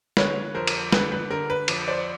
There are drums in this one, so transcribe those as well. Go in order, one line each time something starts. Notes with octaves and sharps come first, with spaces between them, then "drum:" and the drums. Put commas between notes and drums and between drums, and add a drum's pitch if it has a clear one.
D3 B4 C#5, drum: snare
F2 A#4 C5
drum: cymbal
D3 B4, drum: snare
B4
D3 A#4
B4
F2, drum: cymbal
C5 D5